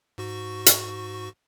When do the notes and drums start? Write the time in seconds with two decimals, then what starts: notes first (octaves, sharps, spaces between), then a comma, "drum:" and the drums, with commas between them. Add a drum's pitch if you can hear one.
0.18 G#2 F#4 C#6
0.66 drum: hi-hat